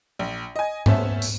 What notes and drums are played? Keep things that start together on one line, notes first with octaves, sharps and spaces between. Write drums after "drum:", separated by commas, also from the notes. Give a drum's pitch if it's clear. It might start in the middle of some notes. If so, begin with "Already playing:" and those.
A#1
D#5 G#5
A3 B3 C#4 A4 C5 E5, drum: tom G#2
drum: tambourine